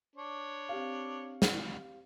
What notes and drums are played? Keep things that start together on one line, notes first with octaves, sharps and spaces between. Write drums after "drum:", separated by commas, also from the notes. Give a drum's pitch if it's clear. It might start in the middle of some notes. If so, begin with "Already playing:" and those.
D4 C#5
C4 G4 F5
drum: snare